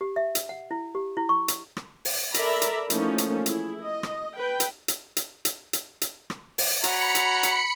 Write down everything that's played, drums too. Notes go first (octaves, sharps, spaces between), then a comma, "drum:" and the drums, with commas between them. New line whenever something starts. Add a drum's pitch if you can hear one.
G4
E5
drum: hi-hat
F#5
E4
G4
E4
C#6
drum: hi-hat
drum: rim click
drum: open hi-hat
A4 A#4 D5 E5 A#5 B5, drum: hi-hat
drum: hi-hat
E3 F3 A3 A#3 C#4 D#4, drum: hi-hat
drum: hi-hat
E4 G#4, drum: hi-hat
D#5
drum: rim click
B4 G5
drum: hi-hat
drum: hi-hat
drum: hi-hat
drum: hi-hat
drum: hi-hat
drum: hi-hat
drum: rim click
drum: open hi-hat
F#4 C#5 A#5 B5 C#7, drum: hi-hat
drum: hi-hat
drum: hi-hat